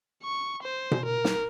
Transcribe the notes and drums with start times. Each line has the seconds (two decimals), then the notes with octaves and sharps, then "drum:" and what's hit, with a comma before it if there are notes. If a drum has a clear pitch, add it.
0.24 C#6
0.63 C5
0.91 drum: tom B2
1.06 A#4
1.24 drum: snare